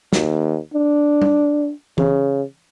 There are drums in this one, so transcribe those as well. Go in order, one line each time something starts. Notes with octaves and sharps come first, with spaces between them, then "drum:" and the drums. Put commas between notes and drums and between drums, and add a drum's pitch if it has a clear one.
D#2, drum: snare
D4
drum: tom G3
C#3, drum: tom E3